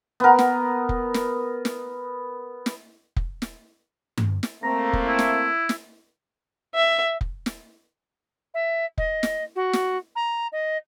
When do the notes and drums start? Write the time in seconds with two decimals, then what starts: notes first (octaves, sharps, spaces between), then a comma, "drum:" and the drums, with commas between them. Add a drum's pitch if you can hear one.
0.20 B3 A#4
0.39 drum: snare
0.89 drum: kick F1
1.14 drum: snare
1.65 drum: snare
2.66 drum: snare
3.16 drum: kick F1
3.42 drum: snare
4.18 drum: tom G2
4.43 drum: snare
4.63 A3 A#3 C4 A#5
4.93 drum: kick F1
5.07 E4
5.19 drum: snare
5.69 drum: snare
6.75 E5
7.21 drum: kick F1
7.46 drum: snare
8.54 E5
8.98 D#5, drum: kick F1
9.23 drum: snare
9.55 F#4
9.73 drum: snare
10.15 A#5
10.52 D#5